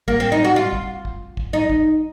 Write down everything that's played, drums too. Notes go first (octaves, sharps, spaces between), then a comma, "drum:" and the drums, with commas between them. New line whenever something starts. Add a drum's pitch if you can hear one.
A#3, drum: kick
C4
D#4
F#4
F4
drum: kick
drum: kick
drum: kick
D#4
drum: kick